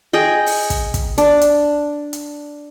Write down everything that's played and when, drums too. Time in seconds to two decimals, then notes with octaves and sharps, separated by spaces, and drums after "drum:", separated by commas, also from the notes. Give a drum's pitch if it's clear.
0.13 G#4 D#5 G5
0.46 drum: open hi-hat
0.70 drum: kick, hi-hat
0.94 drum: kick, hi-hat
1.18 D4, drum: hi-hat
1.41 drum: hi-hat
2.13 drum: hi-hat